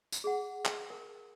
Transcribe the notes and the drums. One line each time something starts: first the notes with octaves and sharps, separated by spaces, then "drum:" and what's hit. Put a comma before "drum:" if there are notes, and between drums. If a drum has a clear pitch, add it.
drum: tambourine
G#4 F#5
drum: clap
A#4